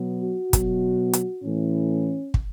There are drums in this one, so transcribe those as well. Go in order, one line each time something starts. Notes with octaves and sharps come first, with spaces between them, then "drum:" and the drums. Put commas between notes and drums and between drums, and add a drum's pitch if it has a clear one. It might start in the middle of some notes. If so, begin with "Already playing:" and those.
Already playing: B2 F#3 B3
F#4
B2 F#3 B3, drum: kick, hi-hat
drum: hi-hat
A2 E3 A3 C#4
drum: kick